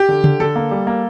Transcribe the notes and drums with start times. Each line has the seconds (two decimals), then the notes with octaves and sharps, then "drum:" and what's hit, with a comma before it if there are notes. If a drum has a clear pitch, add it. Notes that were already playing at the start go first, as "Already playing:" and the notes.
Already playing: G4
0.09 D3
0.24 D3, drum: tom C#3
0.40 D3 A4
0.56 A#3
0.71 G3
0.87 A#3